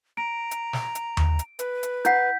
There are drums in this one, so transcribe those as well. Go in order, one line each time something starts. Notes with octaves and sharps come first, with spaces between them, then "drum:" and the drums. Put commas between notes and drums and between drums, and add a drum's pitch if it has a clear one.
A#5 D7
drum: hi-hat
drum: snare
drum: hi-hat
drum: tom D#2
drum: hi-hat
B4, drum: hi-hat
drum: hi-hat
E4 F#5 G6 B6, drum: hi-hat